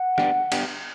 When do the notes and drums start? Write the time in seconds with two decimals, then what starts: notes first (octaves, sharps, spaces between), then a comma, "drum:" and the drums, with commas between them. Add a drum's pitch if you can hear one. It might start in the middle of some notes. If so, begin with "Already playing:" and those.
Already playing: F#5
0.18 B3 D4 G4, drum: rim click
0.52 B3 D4 G4, drum: cymbal